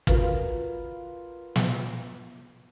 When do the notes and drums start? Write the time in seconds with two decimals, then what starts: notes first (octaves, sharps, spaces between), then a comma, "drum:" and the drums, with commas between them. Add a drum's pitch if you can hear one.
0.07 F4 F#4 A#4 B4 F5, drum: kick
1.56 drum: snare